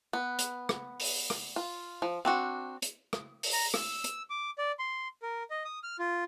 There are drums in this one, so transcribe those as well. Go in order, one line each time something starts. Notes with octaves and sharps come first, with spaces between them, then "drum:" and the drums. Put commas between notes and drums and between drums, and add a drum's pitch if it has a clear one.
B3
drum: hi-hat
drum: rim click
drum: open hi-hat
drum: rim click
F4
F3
C4 D4 F#4
drum: hi-hat
drum: rim click
drum: open hi-hat
A#5
E6, drum: rim click
drum: hi-hat
D6
D5
C6
A#4
D#5
D#6
F6
F4